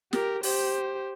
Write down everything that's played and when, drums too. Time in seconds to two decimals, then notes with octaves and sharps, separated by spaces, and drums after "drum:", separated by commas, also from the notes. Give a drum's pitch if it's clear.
0.13 G4 A#4, drum: snare
0.43 G4 C5, drum: open hi-hat